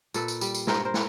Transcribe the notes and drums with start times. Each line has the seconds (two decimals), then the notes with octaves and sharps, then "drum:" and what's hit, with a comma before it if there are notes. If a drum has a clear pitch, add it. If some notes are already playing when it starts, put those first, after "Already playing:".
0.14 A#2 A4 B4, drum: tambourine
0.28 drum: tambourine
0.41 G3, drum: tambourine
0.55 drum: tambourine
0.67 G2 A#4 C5, drum: snare
0.85 A#4 C5
0.94 drum: snare